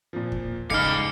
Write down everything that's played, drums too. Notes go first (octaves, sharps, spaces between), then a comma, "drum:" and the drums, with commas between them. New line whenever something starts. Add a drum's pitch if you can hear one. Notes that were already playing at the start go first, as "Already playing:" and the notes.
A#2 F3
drum: kick
C#2 G3 D#4 F5 B5 D6 F6 C#7, drum: kick